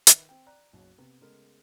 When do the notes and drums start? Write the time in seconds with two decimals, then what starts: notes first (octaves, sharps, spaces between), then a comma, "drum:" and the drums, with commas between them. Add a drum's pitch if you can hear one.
0.07 D#3 B4 E5, drum: hi-hat
0.29 C4 G5
0.46 D5 G5 A#5 F#6
0.73 F#1 B1 F#4
0.98 C3 B3
1.21 C#3 G#3 A3 B3 A#4